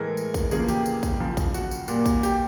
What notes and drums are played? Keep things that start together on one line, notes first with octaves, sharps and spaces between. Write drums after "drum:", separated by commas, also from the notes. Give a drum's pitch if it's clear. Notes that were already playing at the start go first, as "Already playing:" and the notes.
Already playing: A2 E3 G#3 A#4
drum: tambourine
drum: kick, tambourine
E2 C#3 F3 A#3 G#4, drum: tambourine
G4, drum: tambourine
drum: tambourine
drum: kick, tambourine
F#2 C#3 F3
drum: kick, tambourine
F#4, drum: tambourine
drum: tambourine
A#2 G3 A#3, drum: tambourine
drum: kick, tambourine
G4, drum: tambourine